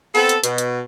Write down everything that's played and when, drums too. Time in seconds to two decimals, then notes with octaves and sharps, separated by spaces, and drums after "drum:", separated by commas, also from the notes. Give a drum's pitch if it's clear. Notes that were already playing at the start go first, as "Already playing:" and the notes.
0.15 B3 C4 A4, drum: open hi-hat
0.29 drum: hi-hat
0.44 B2, drum: hi-hat
0.58 drum: hi-hat